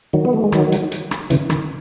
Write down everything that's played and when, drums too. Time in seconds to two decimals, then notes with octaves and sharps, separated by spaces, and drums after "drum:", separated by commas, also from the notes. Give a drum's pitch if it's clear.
0.13 D#3 F#3
0.25 B3
0.33 A3
0.44 G#3
0.52 D#3 F#3, drum: rim click
0.72 drum: hi-hat
0.92 drum: hi-hat
1.11 drum: rim click
1.30 C#3 E3, drum: hi-hat
1.50 D#3, drum: rim click